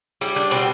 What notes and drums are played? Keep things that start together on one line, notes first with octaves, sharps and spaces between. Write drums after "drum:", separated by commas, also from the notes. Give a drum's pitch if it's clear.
G3 E4, drum: tambourine
D4
B2 C4, drum: tambourine